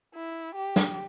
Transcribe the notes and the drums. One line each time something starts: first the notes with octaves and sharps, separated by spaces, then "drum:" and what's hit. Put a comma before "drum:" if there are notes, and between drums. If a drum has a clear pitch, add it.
E4
G4
drum: snare